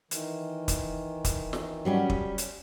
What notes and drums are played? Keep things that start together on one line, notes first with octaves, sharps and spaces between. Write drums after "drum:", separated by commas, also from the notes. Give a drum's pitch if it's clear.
D#3 E3, drum: hi-hat
drum: kick, hi-hat
drum: kick, hi-hat
drum: snare
F#3 G3 C#4
drum: kick
drum: hi-hat